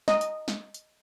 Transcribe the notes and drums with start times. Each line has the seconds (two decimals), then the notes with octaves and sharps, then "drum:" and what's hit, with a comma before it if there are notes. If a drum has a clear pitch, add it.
0.08 D#5, drum: snare
0.21 drum: hi-hat
0.48 drum: snare
0.74 drum: hi-hat